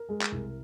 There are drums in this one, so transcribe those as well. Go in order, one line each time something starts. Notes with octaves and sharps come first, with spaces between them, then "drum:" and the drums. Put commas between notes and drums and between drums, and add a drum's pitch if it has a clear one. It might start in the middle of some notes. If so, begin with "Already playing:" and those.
Already playing: A#4
G#3
drum: clap
C2